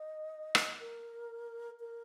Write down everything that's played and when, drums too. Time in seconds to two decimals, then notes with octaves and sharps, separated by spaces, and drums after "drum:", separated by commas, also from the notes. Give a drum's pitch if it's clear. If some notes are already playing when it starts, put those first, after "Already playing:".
Already playing: D#5
0.55 drum: rim click
0.80 A#4
1.80 A#4